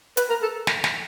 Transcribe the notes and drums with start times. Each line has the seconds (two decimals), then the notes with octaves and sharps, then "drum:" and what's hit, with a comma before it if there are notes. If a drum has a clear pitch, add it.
0.17 B4, drum: hi-hat
0.30 A#4
0.42 A4
0.67 drum: snare
0.84 drum: snare